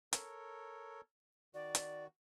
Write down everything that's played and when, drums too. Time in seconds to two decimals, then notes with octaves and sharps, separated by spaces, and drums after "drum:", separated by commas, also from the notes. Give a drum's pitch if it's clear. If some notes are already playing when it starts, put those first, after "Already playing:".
0.13 A4 A#4 C#5, drum: hi-hat
1.54 D#3 F#4 D5
1.75 drum: hi-hat